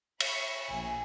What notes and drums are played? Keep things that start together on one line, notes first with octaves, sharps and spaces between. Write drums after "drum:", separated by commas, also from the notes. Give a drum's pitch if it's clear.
E5 B5 C#6, drum: cymbal
A#1 G#5